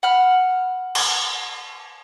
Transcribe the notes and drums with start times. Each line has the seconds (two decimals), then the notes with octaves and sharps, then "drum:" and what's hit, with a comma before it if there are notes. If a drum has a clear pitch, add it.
0.03 F#5 B5 F6
0.95 drum: cymbal